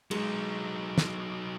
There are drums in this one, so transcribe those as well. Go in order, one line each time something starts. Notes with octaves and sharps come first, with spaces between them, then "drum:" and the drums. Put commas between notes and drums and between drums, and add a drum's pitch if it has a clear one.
F#3 G#3 D#4, drum: cymbal
drum: snare